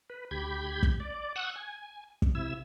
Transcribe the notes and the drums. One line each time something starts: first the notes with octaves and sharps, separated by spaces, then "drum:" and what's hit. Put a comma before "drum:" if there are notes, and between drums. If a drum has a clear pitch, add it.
B4
D2 G4 B5 G6 G#6
drum: kick
D5
F#5 C#6 D#6 E6 F#6
G#5
drum: kick
C3 E4 E6